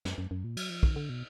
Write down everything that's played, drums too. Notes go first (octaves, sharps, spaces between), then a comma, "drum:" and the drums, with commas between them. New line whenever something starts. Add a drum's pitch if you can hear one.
F#2, drum: snare
F#2
F#2
A#2
F#3, drum: cymbal
F3
D#3, drum: kick
D3
B2